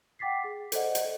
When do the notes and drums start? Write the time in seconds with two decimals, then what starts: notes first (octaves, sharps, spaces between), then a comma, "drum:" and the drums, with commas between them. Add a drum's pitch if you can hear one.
0.19 F#5 G5 D6 A6 B6 C7
0.44 G#4
0.72 A4 C5 D5 D#5 F#5, drum: hi-hat
0.95 drum: hi-hat